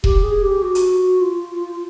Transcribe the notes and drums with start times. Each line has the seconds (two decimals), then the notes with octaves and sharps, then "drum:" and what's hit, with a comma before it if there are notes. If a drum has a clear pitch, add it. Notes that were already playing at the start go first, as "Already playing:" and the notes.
0.04 G4, drum: kick E1
0.23 G#4
0.43 G4
0.62 F#4
0.75 drum: hi-hat
1.21 F4